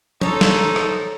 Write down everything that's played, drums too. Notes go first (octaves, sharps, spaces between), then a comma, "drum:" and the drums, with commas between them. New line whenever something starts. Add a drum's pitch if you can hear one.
D#4 A4 C5 C#5 A#5, drum: tom
drum: snare
drum: rim click